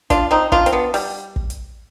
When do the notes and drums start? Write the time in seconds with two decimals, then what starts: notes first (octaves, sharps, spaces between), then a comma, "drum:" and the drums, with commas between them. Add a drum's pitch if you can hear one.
0.10 D4 F4, drum: kick, hi-hat
0.31 C4 D#4
0.52 D4 F4, drum: kick
0.66 C4, drum: hi-hat
0.72 B3 D4
0.94 G3, drum: open hi-hat
1.36 drum: kick
1.50 drum: hi-hat